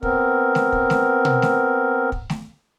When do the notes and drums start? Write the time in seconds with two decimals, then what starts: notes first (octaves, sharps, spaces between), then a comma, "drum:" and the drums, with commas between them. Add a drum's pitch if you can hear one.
0.03 B3 C4 A#4, drum: kick
0.55 drum: snare
0.72 drum: kick
0.90 drum: snare
1.25 drum: tom B2
1.42 drum: snare
2.12 drum: kick
2.30 drum: snare